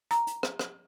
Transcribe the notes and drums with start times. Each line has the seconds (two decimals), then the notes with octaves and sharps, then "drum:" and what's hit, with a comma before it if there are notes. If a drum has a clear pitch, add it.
0.11 A#5, drum: hi-hat
0.27 drum: hi-hat
0.43 drum: rim click
0.59 drum: rim click